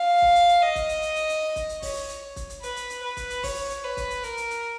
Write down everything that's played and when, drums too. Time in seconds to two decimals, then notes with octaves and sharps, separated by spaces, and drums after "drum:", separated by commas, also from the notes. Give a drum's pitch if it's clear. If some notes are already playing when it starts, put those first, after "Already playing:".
Already playing: F5
0.22 drum: kick
0.35 drum: hi-hat
0.49 drum: hi-hat
0.62 D#5
0.76 drum: kick, hi-hat
0.89 drum: hi-hat
1.02 drum: hi-hat
1.16 drum: hi-hat
1.29 drum: hi-hat
1.56 drum: kick, hi-hat
1.69 drum: hi-hat
1.82 C#5, drum: kick, open hi-hat
1.96 drum: hi-hat
2.09 drum: hi-hat
2.36 drum: kick, hi-hat
2.50 drum: hi-hat
2.63 B4, drum: hi-hat
2.76 drum: hi-hat
2.90 drum: hi-hat
3.03 B4
3.17 drum: kick, hi-hat
3.30 drum: hi-hat
3.43 C#5, drum: kick, open hi-hat
3.57 drum: hi-hat
3.70 drum: hi-hat
3.84 B4
3.97 drum: kick, hi-hat
4.10 drum: hi-hat
4.23 A#4, drum: hi-hat
4.37 drum: hi-hat
4.51 drum: hi-hat